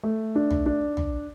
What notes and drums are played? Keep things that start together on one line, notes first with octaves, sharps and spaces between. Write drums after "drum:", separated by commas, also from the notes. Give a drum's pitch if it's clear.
A3
D4
drum: tom
D4
drum: tom